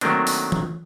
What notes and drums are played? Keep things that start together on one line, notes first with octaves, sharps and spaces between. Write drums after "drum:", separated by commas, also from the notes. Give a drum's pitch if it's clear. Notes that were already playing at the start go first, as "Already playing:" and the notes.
D#3 F#3 A3 A#3 C4 D4, drum: hi-hat
drum: open hi-hat
drum: tom E3